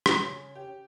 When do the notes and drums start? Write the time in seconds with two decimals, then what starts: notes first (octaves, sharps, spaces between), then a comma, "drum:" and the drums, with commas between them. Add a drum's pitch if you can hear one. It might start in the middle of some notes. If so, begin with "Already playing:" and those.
0.06 drum: rim click
0.23 C#3 C#5
0.55 G4